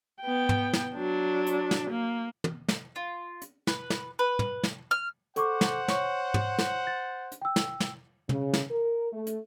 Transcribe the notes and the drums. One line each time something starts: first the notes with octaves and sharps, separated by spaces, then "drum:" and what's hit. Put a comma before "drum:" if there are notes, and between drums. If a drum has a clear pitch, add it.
B3 G5
drum: tom
drum: snare
F#3 D4
drum: hi-hat
drum: snare
A#3
drum: tom
drum: snare
F4
drum: hi-hat
B4, drum: snare
drum: snare
B4
drum: tom
drum: snare
F6
A4 C5 F#5 C#6 D6, drum: hi-hat
drum: snare
C#5 C#6, drum: snare
drum: tom
drum: snare
A6
drum: hi-hat
G5 E6
drum: snare
drum: snare
C#3, drum: tom
drum: snare
A#4
A3
drum: hi-hat